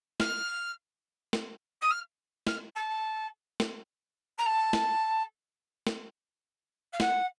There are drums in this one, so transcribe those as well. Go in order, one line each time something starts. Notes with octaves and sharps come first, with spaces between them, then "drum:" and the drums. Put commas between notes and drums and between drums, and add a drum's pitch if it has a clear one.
F6, drum: snare
drum: snare
D#6
F6
F6, drum: snare
A5
drum: snare
A#5
A5
drum: snare
drum: snare
F5
F#5, drum: snare